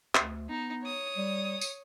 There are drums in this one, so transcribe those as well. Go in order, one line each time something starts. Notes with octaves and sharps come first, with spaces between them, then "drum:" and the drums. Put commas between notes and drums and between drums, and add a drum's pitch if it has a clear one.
D2, drum: clap
B3 D#4
C#5 D#6
G3
drum: tambourine